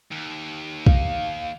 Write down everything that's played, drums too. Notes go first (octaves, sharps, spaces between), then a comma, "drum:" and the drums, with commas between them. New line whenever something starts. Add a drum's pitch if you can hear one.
D#2
F5, drum: kick